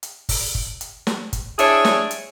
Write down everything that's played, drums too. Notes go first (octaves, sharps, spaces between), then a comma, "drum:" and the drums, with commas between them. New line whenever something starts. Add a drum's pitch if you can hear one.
drum: hi-hat
drum: kick, open hi-hat
drum: kick
drum: hi-hat
drum: snare
drum: kick, hi-hat
D4 E4 G#4 C#5, drum: hi-hat
drum: snare
drum: hi-hat